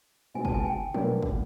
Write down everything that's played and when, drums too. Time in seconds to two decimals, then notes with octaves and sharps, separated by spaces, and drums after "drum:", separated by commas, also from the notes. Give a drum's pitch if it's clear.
0.34 B2 G#3 C4 D#4 F#4 G#5
0.45 A5, drum: kick
0.54 G#5
0.64 G5
0.94 B2 F#3 A#3 D4 F#4, drum: tom E3
1.22 drum: kick